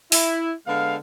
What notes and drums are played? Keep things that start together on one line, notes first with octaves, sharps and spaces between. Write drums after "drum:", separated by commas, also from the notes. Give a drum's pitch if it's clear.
E4, drum: open hi-hat
D3 G#3 B3 F5